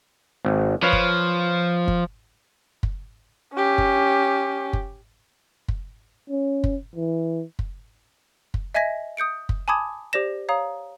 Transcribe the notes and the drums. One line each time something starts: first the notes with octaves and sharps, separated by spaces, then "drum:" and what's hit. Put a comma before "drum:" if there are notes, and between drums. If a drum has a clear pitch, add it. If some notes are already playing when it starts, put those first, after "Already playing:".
G#1
F3 B4 C#5 F5
drum: kick
drum: kick
drum: kick
C#4 G4
drum: kick
drum: kick
drum: kick
C#4
drum: kick
E3
drum: kick
drum: kick
D#5 E5 G#5 G#6 A#6 B6
D#6 G6 C#7 D7
drum: kick
G#5 A5 B5 D6 D#6 G#6
G4 C5 D5 A#6 E7
C#5 F5 A#5 D#6